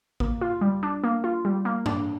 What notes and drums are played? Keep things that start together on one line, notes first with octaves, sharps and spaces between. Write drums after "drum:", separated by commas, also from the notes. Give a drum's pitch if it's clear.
A#3, drum: kick A1
F4
G3
D4
A#3
F4
G3
A#3
D4, drum: tom G2